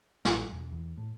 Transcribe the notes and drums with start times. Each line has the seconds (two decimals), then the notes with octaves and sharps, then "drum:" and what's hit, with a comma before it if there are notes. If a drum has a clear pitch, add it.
0.25 A1, drum: snare
0.52 E1
0.72 E2
0.97 A2